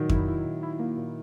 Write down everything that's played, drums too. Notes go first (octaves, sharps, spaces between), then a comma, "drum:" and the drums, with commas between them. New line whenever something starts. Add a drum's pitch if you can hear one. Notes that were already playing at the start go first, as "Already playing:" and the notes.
Already playing: A#2 D#3 F#3 D#4
E4, drum: kick F2
E4
A#2
E4
A#3
A#2